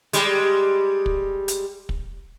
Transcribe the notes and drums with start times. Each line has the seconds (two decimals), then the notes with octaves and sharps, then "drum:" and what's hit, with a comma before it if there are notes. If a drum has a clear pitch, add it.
0.13 G3 G#3, drum: hi-hat
1.06 drum: kick
1.48 drum: hi-hat
1.89 drum: kick